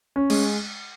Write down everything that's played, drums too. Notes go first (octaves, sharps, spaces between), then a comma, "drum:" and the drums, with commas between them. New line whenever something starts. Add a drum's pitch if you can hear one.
C#4
G#3, drum: cymbal